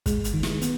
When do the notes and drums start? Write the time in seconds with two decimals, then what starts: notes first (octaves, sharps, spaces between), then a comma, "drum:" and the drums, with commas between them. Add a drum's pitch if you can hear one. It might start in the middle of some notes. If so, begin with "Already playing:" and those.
0.06 G#3, drum: kick, hi-hat
0.24 drum: hi-hat
0.34 D#3
0.43 drum: snare
0.61 B3, drum: hi-hat